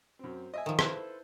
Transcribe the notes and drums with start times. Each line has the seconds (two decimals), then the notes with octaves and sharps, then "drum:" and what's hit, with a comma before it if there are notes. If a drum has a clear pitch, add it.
0.19 F#2 C4
0.54 D#5 E5 G#5
0.66 D#3 F3
0.79 E4 A4 B4 C5, drum: rim click